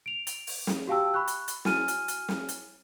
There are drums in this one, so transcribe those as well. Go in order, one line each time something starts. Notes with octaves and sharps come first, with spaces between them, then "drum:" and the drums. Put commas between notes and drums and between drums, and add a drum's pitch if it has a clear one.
D7 F7
drum: hi-hat
drum: open hi-hat
drum: snare
F#4 G4 F5 G5 A5 E6
B5 C#6 F#6
drum: hi-hat
drum: hi-hat
E4 F#4 G#5 F6 D#7, drum: snare
drum: hi-hat
drum: hi-hat
drum: snare
drum: hi-hat